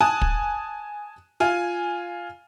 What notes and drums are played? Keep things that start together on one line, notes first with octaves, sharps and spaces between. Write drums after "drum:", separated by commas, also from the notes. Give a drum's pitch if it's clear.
G#5 A5 D#6 F#6
drum: kick
F4 G#5